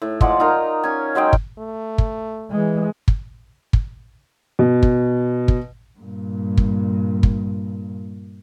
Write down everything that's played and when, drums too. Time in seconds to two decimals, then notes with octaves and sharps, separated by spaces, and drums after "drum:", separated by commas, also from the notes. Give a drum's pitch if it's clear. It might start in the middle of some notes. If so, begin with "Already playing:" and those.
0.02 A2
0.21 F3 G#3 D5 F#5, drum: kick
0.40 D#4 F4 A#4 A#5
0.84 C#4 G#5
1.15 F#3 G#3 D#4 G5
1.33 drum: kick
1.58 A3
1.98 drum: kick
2.51 E3 G#3
3.08 drum: kick
3.73 drum: kick
4.59 B2
4.83 drum: kick
5.48 drum: kick
5.99 G2 A#2
6.57 drum: kick
7.23 drum: kick